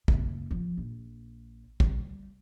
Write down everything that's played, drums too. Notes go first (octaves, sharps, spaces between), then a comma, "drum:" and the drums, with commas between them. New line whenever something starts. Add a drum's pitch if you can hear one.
F#1 C#3, drum: kick
F3
A#1
G3, drum: kick